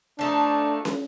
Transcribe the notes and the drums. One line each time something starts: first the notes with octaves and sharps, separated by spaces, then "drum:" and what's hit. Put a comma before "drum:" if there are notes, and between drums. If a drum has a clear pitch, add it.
F3 A3 D4 D#4
drum: snare